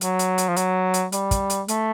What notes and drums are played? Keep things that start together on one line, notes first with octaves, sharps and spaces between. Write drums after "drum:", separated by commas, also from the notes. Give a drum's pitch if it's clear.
F#3, drum: hi-hat
drum: hi-hat
drum: hi-hat
F3
F#3, drum: hi-hat
drum: hi-hat
G3, drum: hi-hat
drum: kick, hi-hat
drum: hi-hat
A3, drum: hi-hat